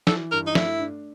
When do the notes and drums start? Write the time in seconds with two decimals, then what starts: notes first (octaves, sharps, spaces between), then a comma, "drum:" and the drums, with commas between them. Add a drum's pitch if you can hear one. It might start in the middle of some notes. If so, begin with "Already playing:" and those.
0.07 E3 A4, drum: snare
0.32 G2 A#4
0.47 D#4
0.55 A3 E4, drum: snare
0.79 D4